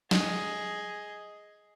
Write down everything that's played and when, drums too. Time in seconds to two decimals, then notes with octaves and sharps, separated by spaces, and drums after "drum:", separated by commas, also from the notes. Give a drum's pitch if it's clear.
0.11 G#4 D#5, drum: snare